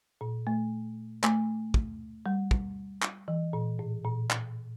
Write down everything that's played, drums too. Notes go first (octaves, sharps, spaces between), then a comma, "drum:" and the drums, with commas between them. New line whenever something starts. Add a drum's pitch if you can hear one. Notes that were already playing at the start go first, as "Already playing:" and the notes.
A#2
A3
A3, drum: clap
drum: kick
G3
drum: kick
drum: clap
E3
A#2
A2
A#2
drum: clap